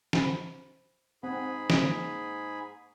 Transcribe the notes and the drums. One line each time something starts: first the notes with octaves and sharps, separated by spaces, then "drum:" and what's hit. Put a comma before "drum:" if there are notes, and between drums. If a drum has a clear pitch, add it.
C5 B5, drum: snare
G#2 C4 G#4 F#5 B5
A#3, drum: snare